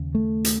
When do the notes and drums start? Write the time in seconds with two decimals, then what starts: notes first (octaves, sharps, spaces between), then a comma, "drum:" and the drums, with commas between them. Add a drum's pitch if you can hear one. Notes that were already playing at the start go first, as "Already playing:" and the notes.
Already playing: D#2 C#3
0.15 A3
0.45 drum: hi-hat